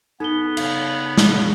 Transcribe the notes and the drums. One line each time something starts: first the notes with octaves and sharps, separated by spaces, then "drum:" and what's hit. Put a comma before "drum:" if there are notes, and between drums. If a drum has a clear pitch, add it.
B3 D#4 A4 G7
C#3 F5, drum: cymbal
drum: snare